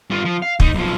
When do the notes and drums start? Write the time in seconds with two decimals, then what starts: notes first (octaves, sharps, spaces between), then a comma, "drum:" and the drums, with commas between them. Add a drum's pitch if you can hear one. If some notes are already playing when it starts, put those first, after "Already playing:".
0.10 G2 F4
0.25 F3
0.42 F5
0.60 D#2 D#4, drum: kick
0.74 B1 F3